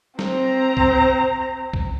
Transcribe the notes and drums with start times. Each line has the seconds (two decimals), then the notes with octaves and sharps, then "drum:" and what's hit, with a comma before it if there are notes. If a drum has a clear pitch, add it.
0.19 C4 A#5, drum: snare
0.77 drum: kick B1
1.73 drum: kick B1